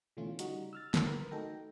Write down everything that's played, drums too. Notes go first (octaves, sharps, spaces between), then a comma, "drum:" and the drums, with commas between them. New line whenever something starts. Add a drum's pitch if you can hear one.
B2 D3 E3 A3 C#4 F4
C#3 G3 D#4 F#4, drum: hi-hat
E6 F6 A6
drum: snare
A#4 B4
A3 D#4 F#4 A4 G5 A#6